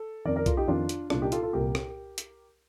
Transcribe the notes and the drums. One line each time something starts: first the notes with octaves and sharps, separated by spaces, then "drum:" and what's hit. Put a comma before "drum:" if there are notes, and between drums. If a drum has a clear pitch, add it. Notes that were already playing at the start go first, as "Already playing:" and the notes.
Already playing: A4
F2 D#3 A#4 D5
A#4 D5
F4 A4, drum: kick B1, hi-hat
D#4 G4
F2 D#3 D4 F4
drum: hi-hat
C2 A#2 D4 F4, drum: rim click
D#4 G4
F4 A4, drum: hi-hat
F4 A4
C2 A#2 G4 A#4
drum: rim click
drum: hi-hat